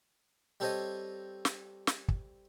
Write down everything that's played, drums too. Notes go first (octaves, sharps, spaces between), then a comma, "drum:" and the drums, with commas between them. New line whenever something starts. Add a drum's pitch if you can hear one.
G3 C4 A4 C5 C#5 D#5
drum: snare
drum: snare
drum: kick